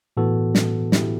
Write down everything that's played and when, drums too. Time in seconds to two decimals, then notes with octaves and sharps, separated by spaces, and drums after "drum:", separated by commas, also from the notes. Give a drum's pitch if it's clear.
0.17 A2 E3 B3 F#4 A4
0.55 drum: snare
0.92 E4 G4, drum: snare